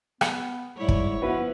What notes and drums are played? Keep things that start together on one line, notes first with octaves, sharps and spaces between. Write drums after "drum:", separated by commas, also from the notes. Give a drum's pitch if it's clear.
B3, drum: rim click
G#2 G3 E4 C#5
drum: kick
F3 B3 E4 F#4 B4